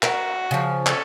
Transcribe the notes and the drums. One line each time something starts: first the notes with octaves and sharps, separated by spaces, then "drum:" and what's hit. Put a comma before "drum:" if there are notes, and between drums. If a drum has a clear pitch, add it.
F#4 A#4, drum: clap
C#3 F3
C#4 A4, drum: clap